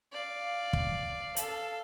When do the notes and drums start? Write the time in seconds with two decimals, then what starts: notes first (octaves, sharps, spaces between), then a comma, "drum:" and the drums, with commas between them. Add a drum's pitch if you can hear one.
0.12 D5 F5
0.73 drum: kick
1.36 A4 F5, drum: hi-hat